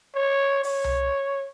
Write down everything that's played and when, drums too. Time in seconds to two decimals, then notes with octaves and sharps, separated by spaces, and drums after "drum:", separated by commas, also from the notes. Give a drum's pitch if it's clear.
0.15 C#5
0.63 C#5, drum: open hi-hat
0.84 drum: tom C2